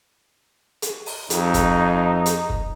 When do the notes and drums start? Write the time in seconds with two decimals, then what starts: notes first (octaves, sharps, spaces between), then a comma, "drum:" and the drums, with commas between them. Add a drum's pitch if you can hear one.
0.82 drum: hi-hat
1.06 drum: open hi-hat
1.30 F2 D#4, drum: hi-hat
1.54 drum: kick, hi-hat
2.26 drum: hi-hat
2.50 drum: kick